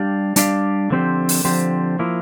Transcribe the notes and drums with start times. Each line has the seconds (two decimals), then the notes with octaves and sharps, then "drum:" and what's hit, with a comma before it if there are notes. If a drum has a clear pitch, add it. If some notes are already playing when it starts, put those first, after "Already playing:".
Already playing: G3 D4 G4 D5 F5
0.36 G3 D4 G4 D5 F5, drum: hi-hat
0.90 D3 F3 C4 G4 C5
1.29 drum: open hi-hat
1.44 D3 F3 C4 G4 C5
1.99 F3 A#3 E4